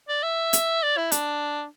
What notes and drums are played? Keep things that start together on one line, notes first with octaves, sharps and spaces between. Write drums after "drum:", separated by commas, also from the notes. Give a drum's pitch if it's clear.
D5
E5
drum: hi-hat
D5
E4
D4, drum: hi-hat